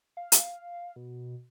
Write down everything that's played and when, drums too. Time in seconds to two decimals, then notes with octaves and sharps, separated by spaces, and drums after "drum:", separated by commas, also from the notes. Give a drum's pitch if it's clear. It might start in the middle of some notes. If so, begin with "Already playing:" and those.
0.17 F5
0.32 drum: hi-hat
0.96 B2